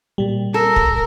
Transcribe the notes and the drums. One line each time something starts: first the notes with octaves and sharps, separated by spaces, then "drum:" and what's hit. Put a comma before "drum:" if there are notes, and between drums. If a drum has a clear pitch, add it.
A#2 G3
A4 A#4
drum: kick